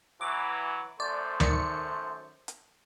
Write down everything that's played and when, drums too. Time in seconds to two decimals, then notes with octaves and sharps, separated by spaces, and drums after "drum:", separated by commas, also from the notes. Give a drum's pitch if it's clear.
0.21 E3 F#3 D6
1.00 F#2 A3 C5 D5
1.40 D#3 D5 C#7, drum: tom D2
2.48 drum: hi-hat